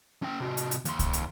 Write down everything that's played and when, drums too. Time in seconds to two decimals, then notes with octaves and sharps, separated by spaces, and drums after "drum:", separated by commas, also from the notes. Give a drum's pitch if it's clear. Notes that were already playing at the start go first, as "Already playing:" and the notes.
0.23 C#4 G5
0.40 C3 F#4
0.57 drum: hi-hat
0.71 drum: hi-hat
0.85 D#2 C6, drum: hi-hat
0.99 drum: kick C2, hi-hat
1.13 drum: hi-hat